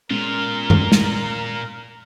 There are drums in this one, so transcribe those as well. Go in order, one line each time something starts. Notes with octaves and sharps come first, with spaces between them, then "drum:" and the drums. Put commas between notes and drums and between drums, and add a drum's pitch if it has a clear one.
A#2 G#3 B3 C#4 F4 A#4
drum: tom F#2
drum: snare